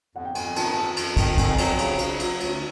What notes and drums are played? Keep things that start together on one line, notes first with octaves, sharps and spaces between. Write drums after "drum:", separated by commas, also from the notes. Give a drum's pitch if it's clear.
F2 F#5
G5
F2 G#5, drum: cymbal
G#5
D#3 A5, drum: cymbal
A#5
F2 A5
F2, drum: cymbal
D#3, drum: kick, cymbal
F2 G#5, drum: kick, cymbal
G#5
F#3, drum: cymbal
G5
C#3, drum: cymbal
C#3, drum: cymbal
F#3, drum: cymbal
D2, drum: cymbal